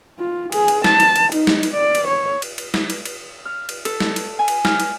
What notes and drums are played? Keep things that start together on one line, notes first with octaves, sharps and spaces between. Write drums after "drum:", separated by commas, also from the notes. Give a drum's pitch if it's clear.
F4
G#4, drum: cymbal
drum: cymbal
A5, drum: snare
drum: cymbal
drum: cymbal
D#4, drum: cymbal
drum: snare
drum: cymbal
D5
drum: cymbal
C#5
drum: cymbal
drum: cymbal
drum: snare
drum: cymbal
drum: cymbal
F6
drum: cymbal
A4, drum: cymbal
drum: snare
drum: cymbal
G#5
drum: cymbal
F6, drum: snare
drum: cymbal